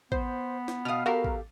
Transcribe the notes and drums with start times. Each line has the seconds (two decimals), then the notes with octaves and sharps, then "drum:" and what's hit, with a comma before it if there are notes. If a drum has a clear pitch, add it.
0.12 B3 C5, drum: kick A1
0.68 drum: snare
0.85 B2 F5 D#6 F6
1.06 F#4 G4 A4 A#4 F5
1.24 drum: kick A1